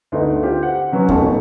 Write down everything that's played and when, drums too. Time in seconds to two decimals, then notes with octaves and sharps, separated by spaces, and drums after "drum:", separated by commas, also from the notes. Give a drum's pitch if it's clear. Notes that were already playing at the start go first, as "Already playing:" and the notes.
0.12 D2 A3 B3 D#4
0.42 C4 F4 G4
0.63 F#5
0.92 C3 F#3 B3 C#4 F#4
1.09 D#1 G#1 B2 A3 A5 C#6, drum: kick D#2